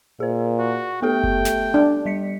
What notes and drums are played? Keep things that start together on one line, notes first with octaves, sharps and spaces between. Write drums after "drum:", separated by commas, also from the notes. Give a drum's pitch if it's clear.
A#2 G#4 C5
F#4
A3 B3 G4 A4 G5
drum: kick F#1
drum: snare
D4
G3 B6 C#7